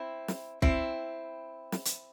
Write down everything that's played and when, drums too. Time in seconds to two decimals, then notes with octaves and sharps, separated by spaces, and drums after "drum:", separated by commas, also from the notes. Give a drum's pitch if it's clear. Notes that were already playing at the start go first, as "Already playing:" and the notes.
Already playing: C4 E4
0.28 drum: snare
0.62 C4 E4, drum: kick
1.72 drum: snare
1.85 drum: hi-hat